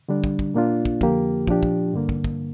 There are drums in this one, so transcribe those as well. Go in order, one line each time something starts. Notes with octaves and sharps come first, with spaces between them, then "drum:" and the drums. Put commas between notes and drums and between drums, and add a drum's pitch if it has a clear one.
D3 G3 D4
drum: kick
drum: kick
A#2 A#3 D4 F4
drum: kick
F2 D3 F3 A#3 G4, drum: kick
A#2 F3 D4 G4, drum: kick
drum: kick
G2 D3 A#3
drum: kick
drum: kick